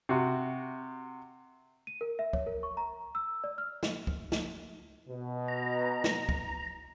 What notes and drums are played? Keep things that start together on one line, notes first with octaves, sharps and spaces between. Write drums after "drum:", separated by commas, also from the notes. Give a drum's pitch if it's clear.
C3 F#4
D#7
A#4
E5
C#5, drum: kick
A#4
C#6
A#5
E6
D5
F6
drum: snare
drum: kick
drum: snare
B2
A#5
drum: snare
drum: kick